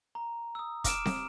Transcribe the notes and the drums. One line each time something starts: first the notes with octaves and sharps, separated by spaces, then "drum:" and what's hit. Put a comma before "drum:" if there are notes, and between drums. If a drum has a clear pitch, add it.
A#5
D#6 E6
D6 F6 D7 E7, drum: kick, hi-hat
drum: snare C4